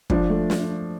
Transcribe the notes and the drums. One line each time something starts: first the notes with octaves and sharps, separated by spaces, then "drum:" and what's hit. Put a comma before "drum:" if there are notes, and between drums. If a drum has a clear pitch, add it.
F3 D4, drum: kick
A3
drum: snare